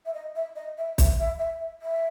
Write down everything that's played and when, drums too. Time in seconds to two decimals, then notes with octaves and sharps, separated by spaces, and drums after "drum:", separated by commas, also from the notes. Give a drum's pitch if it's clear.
0.06 E5
0.14 D#5
0.35 E5
0.56 D#5
0.78 E5
0.98 E5, drum: kick, hi-hat
1.19 E5
1.39 E5
1.59 E5
1.82 E5